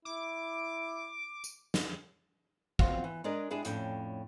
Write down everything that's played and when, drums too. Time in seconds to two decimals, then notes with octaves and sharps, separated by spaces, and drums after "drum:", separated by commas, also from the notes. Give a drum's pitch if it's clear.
0.05 E4 D6
1.44 drum: tambourine
1.74 drum: snare
2.79 C4 F4 F#4, drum: kick
3.04 E3
3.24 G#3 D4 G#4 A#4 D5 D#5
3.50 G#3 D4 E4 G4 G#4
3.65 F2 A2 C#4 D4 G5, drum: hi-hat